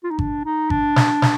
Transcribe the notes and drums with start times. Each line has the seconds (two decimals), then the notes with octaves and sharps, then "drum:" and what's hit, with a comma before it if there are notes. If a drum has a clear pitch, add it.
0.04 F4
0.10 D#4
0.19 D4, drum: kick G#1
0.45 D#4
0.70 D4, drum: kick G#1
0.96 drum: snare
1.22 drum: snare